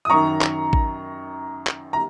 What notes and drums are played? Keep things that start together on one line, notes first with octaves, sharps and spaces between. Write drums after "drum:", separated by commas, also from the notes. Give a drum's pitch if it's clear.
D#6
F#2 D#3 A#5 C#6
drum: clap
drum: kick A1
drum: clap
A#5